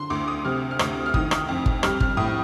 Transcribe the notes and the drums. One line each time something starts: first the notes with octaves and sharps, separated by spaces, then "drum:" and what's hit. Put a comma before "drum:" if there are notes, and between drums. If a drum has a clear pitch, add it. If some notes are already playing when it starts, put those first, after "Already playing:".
Already playing: D3 C6
D2 D6
D#6
C3 F6
F6
D2 D#6, drum: rim click
F6
D#3 D#6, drum: kick
drum: rim click
F2
drum: kick
G3 F6, drum: rim click
F6, drum: kick
A2 D#6